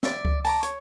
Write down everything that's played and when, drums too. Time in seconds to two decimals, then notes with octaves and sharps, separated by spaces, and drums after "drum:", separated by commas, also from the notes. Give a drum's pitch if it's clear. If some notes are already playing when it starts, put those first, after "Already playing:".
0.03 D5 E5, drum: snare
0.25 drum: kick C#2
0.45 A5 A#5 D6, drum: open hi-hat
0.63 C#5, drum: hi-hat